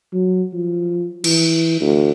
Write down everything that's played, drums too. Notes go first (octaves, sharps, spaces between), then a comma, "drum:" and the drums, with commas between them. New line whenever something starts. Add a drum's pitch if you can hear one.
F#3
F3
E3, drum: cymbal
D2